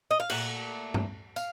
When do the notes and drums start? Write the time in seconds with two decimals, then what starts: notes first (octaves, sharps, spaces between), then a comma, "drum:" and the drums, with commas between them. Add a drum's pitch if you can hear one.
0.11 D#5
0.20 F5
0.29 A#2 A3 F#5, drum: cymbal
0.94 drum: tom G2
1.36 F5, drum: tambourine